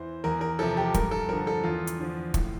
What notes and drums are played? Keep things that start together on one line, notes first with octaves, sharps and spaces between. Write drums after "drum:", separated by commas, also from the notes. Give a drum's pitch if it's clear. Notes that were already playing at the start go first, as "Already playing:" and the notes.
Already playing: E2 E3 C5
E2 A#4
A#4
C3 F3 A4
G4
G2 A#4, drum: kick, hi-hat
A4
D3 F3 A#4
A4
E2 F4
drum: hi-hat
D3 F3
A2, drum: kick, hi-hat